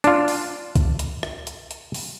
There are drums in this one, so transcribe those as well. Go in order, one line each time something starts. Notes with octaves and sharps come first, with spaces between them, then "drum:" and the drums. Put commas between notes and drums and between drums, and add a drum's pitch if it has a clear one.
D4 F4, drum: hi-hat
drum: open hi-hat
drum: kick C2, hi-hat
drum: hi-hat
drum: rim click
drum: hi-hat
drum: hi-hat
drum: open hi-hat